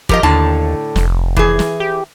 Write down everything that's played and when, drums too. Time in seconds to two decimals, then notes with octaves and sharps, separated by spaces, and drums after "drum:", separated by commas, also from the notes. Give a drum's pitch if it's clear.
0.09 F3 G4 A#4 D#5, drum: kick
0.23 D#2 A2 D3 A5
0.96 F1, drum: snare
1.37 E3 G#4, drum: kick
1.59 drum: snare
1.80 G4